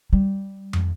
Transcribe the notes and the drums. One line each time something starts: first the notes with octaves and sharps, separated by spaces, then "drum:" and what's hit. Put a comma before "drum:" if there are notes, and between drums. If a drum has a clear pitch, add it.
G3
drum: tom